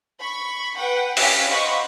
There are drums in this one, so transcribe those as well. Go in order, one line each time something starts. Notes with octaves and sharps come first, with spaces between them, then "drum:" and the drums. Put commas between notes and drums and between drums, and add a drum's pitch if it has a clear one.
B5 C#6
B4 F#5 G5
C#4 G4 F5 G#5 B6, drum: open hi-hat
C5 D#5 F5 F#5 B5 C#6